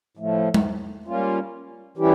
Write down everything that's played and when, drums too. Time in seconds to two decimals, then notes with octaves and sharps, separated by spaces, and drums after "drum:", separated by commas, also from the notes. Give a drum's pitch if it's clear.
0.17 A2 F3 A3
0.54 drum: tom G#3
1.07 G3 A#3 C#4 F4
1.98 E3 G3 C#4 E4 G4